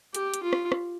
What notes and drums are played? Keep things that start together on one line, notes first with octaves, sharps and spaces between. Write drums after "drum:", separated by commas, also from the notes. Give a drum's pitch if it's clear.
G4, drum: hi-hat
drum: hi-hat
F4
drum: rim click
drum: rim click